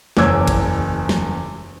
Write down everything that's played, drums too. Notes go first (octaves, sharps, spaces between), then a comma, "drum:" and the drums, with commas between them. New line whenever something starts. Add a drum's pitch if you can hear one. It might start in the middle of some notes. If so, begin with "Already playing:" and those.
F#1 E2 C#5 D6 E6 G#6, drum: snare
drum: kick, cymbal
drum: snare